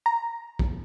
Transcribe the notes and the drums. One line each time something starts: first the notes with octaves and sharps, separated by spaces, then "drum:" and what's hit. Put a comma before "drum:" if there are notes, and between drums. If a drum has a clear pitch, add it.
A#5
drum: kick A#1